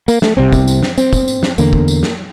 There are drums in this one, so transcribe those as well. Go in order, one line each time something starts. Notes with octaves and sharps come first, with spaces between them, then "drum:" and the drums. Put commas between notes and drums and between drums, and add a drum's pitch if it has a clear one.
A#3, drum: tambourine
A3, drum: snare
C2 C3 C4
drum: kick, tambourine
drum: tambourine
drum: snare
C4, drum: tambourine
drum: kick, tambourine
drum: tambourine
drum: snare
E2 D3 A#3, drum: tambourine
drum: kick
drum: tambourine
drum: snare